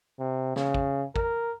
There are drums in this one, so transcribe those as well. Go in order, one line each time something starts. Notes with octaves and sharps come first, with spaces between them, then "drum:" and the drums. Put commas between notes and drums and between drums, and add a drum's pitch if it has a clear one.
C3
C#3, drum: snare
drum: kick
A#4, drum: kick